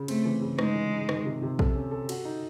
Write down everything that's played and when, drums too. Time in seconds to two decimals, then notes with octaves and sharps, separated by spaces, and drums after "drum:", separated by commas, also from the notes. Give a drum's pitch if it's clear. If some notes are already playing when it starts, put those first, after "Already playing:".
Already playing: C#3
0.08 A3 C4, drum: cymbal
0.25 E3
0.42 C#3
0.59 G#3 D#4, drum: rim click
0.75 E3
0.93 D#4
1.09 D#3, drum: rim click
1.25 C3
1.42 C3
1.59 A4, drum: kick A#1
1.75 C#4
1.91 A4
2.09 F#4, drum: cymbal
2.25 D#4